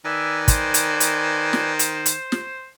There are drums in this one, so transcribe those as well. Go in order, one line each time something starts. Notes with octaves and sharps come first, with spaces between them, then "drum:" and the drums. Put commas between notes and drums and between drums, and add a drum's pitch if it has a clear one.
D#3 B4 D5 E5 G#5
C5, drum: kick, hi-hat
drum: hi-hat
drum: hi-hat
drum: snare
drum: hi-hat
drum: hi-hat
drum: snare